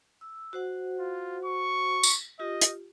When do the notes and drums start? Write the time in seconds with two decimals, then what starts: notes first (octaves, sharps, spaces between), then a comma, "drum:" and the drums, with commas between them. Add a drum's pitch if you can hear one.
0.21 E6
0.53 F#4 C5 F#5
0.99 F4
1.45 C#6
2.03 drum: tambourine
2.39 F4 G4 D#5
2.61 drum: hi-hat